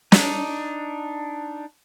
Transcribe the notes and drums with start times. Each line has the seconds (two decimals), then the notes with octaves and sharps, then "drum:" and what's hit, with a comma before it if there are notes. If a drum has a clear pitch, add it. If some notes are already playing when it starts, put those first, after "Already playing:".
0.12 D4 D#4, drum: snare